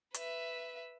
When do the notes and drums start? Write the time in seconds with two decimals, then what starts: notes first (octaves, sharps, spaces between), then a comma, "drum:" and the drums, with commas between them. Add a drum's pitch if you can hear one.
0.14 B4 E5, drum: hi-hat